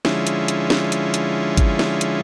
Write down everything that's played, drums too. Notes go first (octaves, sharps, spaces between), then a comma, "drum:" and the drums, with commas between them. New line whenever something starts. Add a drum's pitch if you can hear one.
D3 F3 G#3 C#4 E4, drum: snare
drum: hi-hat
drum: hi-hat
drum: snare
drum: hi-hat
drum: hi-hat
drum: kick G#1, hi-hat
drum: snare
drum: hi-hat